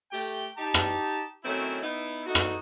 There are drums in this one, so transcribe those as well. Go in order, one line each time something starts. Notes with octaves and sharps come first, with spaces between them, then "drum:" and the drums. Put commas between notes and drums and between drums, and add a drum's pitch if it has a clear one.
A3 G4 G5
D#4 G4 A5
drum: rim click
D#3 F#3 A3 C4 C#4 E4
B3 D#4 E4
A3 D#4 E4 F#4
drum: rim click